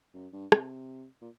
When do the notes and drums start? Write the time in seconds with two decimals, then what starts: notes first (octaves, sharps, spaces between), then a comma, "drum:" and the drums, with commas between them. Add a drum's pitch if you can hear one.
0.14 F#2
0.33 G2
0.52 C3, drum: rim click
1.22 A#2